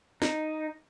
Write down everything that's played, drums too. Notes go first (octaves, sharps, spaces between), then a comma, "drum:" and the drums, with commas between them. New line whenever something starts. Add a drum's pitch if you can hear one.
D#4, drum: snare